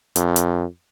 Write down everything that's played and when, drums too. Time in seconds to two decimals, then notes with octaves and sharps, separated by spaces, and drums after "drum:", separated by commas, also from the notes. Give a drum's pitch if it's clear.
0.16 F2, drum: hi-hat
0.36 drum: hi-hat